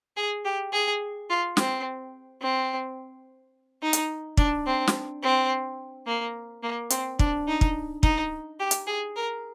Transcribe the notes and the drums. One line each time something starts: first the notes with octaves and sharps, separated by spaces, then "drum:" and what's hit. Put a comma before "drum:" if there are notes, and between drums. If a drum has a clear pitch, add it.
G#4
G4
G#4
F4
C4, drum: snare
C4
D#4
drum: hi-hat
D4, drum: kick
C4
drum: snare
C4
A#3
A#3
C4, drum: hi-hat
D4, drum: kick
D#4
drum: kick
D#4, drum: kick
G4
drum: hi-hat
G#4
A#4